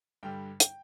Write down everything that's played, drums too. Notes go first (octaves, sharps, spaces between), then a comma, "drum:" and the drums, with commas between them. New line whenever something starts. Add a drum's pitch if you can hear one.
G2 D3 G3 G5
G5, drum: hi-hat